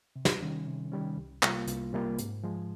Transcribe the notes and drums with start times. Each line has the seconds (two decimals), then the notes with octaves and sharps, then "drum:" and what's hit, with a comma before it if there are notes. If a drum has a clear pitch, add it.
0.16 C3
0.25 drum: snare
0.41 D#3 G3 C#4
0.67 C3
0.92 D#3 G3 C#4
1.17 C2
1.43 C3 G3 A#3 F4, drum: clap
1.68 C2, drum: hi-hat
1.93 C3 G3 A#3 F4
2.18 G#2, drum: hi-hat
2.44 F3 G#3